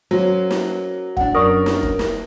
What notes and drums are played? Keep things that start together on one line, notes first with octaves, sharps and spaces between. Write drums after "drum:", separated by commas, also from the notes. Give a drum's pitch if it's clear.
F#3 A#3 C#4 C5
drum: snare
A2 D4 F#5, drum: kick
F#2 D4 A#4 D5 C#6 D#6
drum: snare
drum: kick
drum: snare